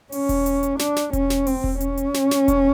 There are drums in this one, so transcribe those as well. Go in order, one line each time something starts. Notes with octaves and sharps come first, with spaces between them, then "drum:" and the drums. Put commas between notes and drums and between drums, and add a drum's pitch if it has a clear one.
C#4, drum: open hi-hat
drum: kick E1, open hi-hat
drum: hi-hat
drum: hi-hat
D4, drum: snare
drum: snare
C#4, drum: kick E1, hi-hat
drum: snare
C4, drum: open hi-hat
drum: kick E1
C#4, drum: hi-hat
drum: hi-hat
drum: snare
drum: snare
drum: kick E1, hi-hat